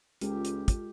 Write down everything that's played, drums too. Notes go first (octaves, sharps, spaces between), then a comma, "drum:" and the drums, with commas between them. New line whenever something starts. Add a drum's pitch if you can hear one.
C#2 G#3 F4 G4 A4, drum: hi-hat
drum: hi-hat
drum: kick, hi-hat